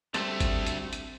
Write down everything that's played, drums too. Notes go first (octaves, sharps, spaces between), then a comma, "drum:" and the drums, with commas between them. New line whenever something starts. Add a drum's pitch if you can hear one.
D2 G3 A3 C4 A4, drum: hi-hat
drum: kick G#1, hi-hat
drum: hi-hat
drum: hi-hat